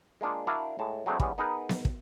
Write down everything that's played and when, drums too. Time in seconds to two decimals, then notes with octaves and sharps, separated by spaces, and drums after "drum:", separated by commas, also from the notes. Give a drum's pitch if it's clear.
0.21 G#3 A#3 D4 F4
0.47 D4 E4 F#4 A#4 D5 F5
0.79 A2 G#3 A5
1.06 F#3 G#3 A3 C4 D4
1.20 E3 G3 G#3 B3 C#4, drum: kick
1.38 B3 D#4 G#4 A#4 B4
1.69 drum: snare B3
1.85 drum: kick